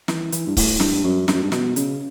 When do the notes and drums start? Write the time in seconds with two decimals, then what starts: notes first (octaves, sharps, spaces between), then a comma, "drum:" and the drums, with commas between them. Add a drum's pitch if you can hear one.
0.08 E3, drum: snare
0.32 E3, drum: hi-hat
0.47 G2
0.57 A2, drum: kick C#1, open hi-hat
0.80 G2, drum: snare
1.04 F#2
1.28 G2, drum: snare
1.35 F#2
1.43 G2
1.52 B2, drum: snare
1.76 C#3, drum: hi-hat